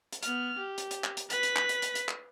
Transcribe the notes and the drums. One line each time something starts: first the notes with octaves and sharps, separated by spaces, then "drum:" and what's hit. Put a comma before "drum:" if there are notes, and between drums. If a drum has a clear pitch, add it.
drum: hi-hat
B3 F6, drum: hi-hat
G4
drum: hi-hat
drum: hi-hat
drum: clap
drum: hi-hat
B4 B6, drum: hi-hat
drum: hi-hat
drum: clap
drum: hi-hat
drum: hi-hat
drum: hi-hat
drum: clap